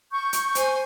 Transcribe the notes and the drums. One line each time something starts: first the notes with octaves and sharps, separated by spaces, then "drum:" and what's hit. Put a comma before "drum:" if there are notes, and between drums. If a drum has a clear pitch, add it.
C#6 G6
drum: hi-hat
C5 G#5, drum: hi-hat